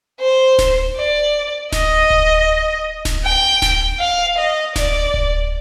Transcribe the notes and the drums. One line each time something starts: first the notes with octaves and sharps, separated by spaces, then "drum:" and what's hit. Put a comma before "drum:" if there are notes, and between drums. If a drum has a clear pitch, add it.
C5
drum: snare D1
D5
D#5, drum: snare D1
drum: kick D1
drum: snare D1
G5
drum: snare D1
F5
D#5
D5, drum: snare D1
drum: kick D1